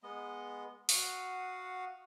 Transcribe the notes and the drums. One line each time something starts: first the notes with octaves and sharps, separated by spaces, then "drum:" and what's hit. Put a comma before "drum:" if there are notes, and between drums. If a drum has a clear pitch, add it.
G#3 B3 D#5
F#4 F5 F#5 D#6, drum: open hi-hat